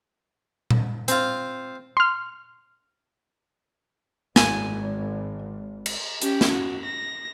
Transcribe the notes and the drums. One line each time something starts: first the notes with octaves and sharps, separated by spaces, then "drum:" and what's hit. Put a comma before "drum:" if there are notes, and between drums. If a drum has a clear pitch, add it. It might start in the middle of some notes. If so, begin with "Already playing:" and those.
drum: tom A#2
C4 F4, drum: hi-hat
C6 F6
G#1 G#5, drum: snare
drum: cymbal
C#4 G4, drum: hi-hat
drum: snare
F#4
A#6